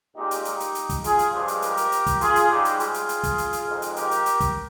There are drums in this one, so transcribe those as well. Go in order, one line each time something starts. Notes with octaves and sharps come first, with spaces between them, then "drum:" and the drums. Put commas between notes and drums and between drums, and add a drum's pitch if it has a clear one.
A#2 G#3 D#4 G4
drum: hi-hat
D#4 G4, drum: hi-hat
drum: hi-hat
drum: hi-hat
drum: kick, hi-hat
F4 G#4, drum: hi-hat
drum: hi-hat
G2 F3 G#3
drum: hi-hat
G4 A#4, drum: hi-hat
drum: hi-hat
drum: hi-hat
drum: kick, hi-hat
F4 G#4, drum: hi-hat
drum: hi-hat
G#2 G3 D#4 G4
drum: hi-hat
F4 G#4, drum: hi-hat
drum: hi-hat
drum: hi-hat
drum: kick, hi-hat
drum: hi-hat
drum: hi-hat
F2 D#3 G#3
drum: hi-hat
G4 A#4, drum: hi-hat
drum: hi-hat
drum: hi-hat
drum: kick, hi-hat